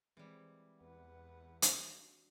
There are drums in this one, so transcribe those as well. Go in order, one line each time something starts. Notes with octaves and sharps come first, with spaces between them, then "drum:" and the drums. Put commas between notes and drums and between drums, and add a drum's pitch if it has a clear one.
E3 G3 G#3 C4
E2 B4 F#5
D4 F#4, drum: hi-hat